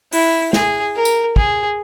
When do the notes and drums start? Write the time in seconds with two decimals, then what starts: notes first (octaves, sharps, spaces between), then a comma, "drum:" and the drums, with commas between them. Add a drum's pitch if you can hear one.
0.12 E4, drum: open hi-hat
0.53 G#4, drum: snare
0.95 A#4
1.05 drum: tambourine
1.36 G#4, drum: kick